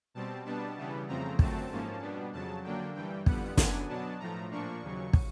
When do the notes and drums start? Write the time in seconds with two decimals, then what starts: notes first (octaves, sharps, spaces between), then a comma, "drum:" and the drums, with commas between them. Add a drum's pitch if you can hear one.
0.14 B2 G3 C4 A5
0.45 B2 G3 B3 D4 A5
0.77 C#3 E3 G3 B3
1.08 F2 C#3 F3 A3 C4 A#5
1.39 F#2 D3 F#3 A3 C4 A5, drum: kick
1.71 G#2 F3 A#3 C#4
2.01 B2 G3 B3 D4
2.32 F2 C#3 F#3 A5
2.64 D3 F#3 A#3 D4 G5
2.94 G2 E3 G3 G5
3.26 F2 D3 G3 B3 F#5, drum: kick
3.57 F#2 D3 F#3 B3 D4 G#5, drum: snare
3.89 B2 F#3 B3 D4 A5
4.20 A2 F3 A3 A#5
4.51 A#2 F3 A#3 D4 C#6
4.82 D#2 C#3 F#3
5.13 drum: kick